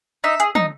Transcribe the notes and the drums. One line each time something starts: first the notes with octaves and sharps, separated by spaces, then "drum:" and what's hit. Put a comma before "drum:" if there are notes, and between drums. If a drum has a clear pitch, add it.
D#4 E5
G#4, drum: hi-hat
D#4, drum: tom